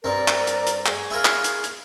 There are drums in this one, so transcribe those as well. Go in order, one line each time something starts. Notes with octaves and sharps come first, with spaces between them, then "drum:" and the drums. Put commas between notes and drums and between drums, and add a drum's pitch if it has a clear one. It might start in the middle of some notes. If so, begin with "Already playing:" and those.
G2 C4 A#4 D5 A#5
drum: clap
drum: hi-hat
drum: hi-hat
G#4 C#6, drum: clap
E4 F4 A#4
drum: clap
drum: hi-hat
drum: hi-hat